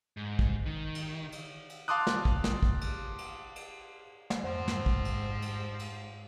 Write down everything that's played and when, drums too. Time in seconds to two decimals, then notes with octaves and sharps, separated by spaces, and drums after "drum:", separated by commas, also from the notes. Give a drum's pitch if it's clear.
0.17 G#2
0.39 drum: kick
0.66 D#3
0.95 drum: cymbal
1.32 drum: cymbal
1.69 drum: cymbal
1.88 F5 A5 C6 D6 D#6 F#6
2.07 drum: snare
2.25 drum: kick
2.44 drum: snare
2.63 drum: kick
2.81 drum: cymbal
3.18 drum: cymbal
3.56 drum: cymbal
4.30 drum: snare
4.43 F2 G#2 F3 C4 C5 F#5
4.68 drum: snare
4.86 drum: kick
5.05 drum: cymbal
5.42 drum: cymbal
5.79 drum: cymbal